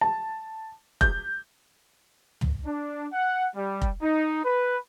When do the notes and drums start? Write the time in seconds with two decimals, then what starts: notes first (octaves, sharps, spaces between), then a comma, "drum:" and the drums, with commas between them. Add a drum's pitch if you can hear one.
0.01 A5
1.01 G6, drum: kick F1
2.41 drum: tom
2.65 D4
3.12 F#5
3.56 G3
3.82 drum: kick F1
4.01 D#4
4.44 B4